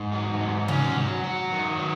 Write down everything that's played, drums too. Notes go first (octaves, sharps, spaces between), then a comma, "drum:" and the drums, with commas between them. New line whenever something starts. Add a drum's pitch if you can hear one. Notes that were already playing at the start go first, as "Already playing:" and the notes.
Already playing: G#2
F#3
G#2
F#3 C#4, drum: tom C3
F#3
F#3
D#3
F#3